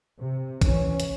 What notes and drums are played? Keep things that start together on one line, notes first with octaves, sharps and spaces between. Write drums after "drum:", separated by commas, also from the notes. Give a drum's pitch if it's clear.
C3
E3 C#4, drum: kick, hi-hat
drum: hi-hat